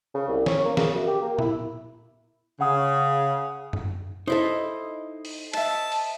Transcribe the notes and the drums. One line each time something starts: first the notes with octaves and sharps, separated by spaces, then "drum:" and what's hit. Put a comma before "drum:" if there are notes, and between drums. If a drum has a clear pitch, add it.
C#3
C2
C#4, drum: snare
A#3
C#3, drum: snare
F#2
G4
A#3
E4, drum: tom A#2
C#3 F#5 D#6
drum: tom F#2
D#4 E4 A4 C5 D#5
drum: open hi-hat
D#5 E5 A5, drum: cymbal
drum: open hi-hat